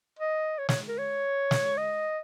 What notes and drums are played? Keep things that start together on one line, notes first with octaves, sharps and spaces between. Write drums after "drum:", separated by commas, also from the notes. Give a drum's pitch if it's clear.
D#5
C#5
C#5, drum: snare
A#4
C#5
drum: snare
D#5